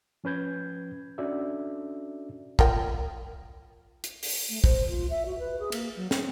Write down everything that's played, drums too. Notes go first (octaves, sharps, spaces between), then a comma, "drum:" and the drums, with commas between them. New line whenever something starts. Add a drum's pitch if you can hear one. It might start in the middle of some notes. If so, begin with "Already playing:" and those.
F3 C#4 B4 G6 G#6
C#4 D4 F#4 A4 D5 E5
F4 A#4 G5, drum: kick
drum: hi-hat
drum: open hi-hat
A3
C5, drum: kick
F4
E5
F#4
B4
G#4
A#3, drum: cymbal
F#3
C4, drum: snare